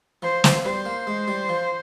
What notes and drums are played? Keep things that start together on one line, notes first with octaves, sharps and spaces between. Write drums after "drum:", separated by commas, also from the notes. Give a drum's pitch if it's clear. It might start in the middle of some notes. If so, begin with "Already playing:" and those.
F3 C5
F3, drum: snare
G3 C5
A#3
G#3
G3
F3